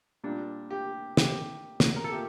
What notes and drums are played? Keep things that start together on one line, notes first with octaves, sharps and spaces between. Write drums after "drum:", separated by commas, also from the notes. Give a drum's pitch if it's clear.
A#2 G3 D4
G4
G4, drum: snare
drum: snare
A#4
A4
A#2 A3 G4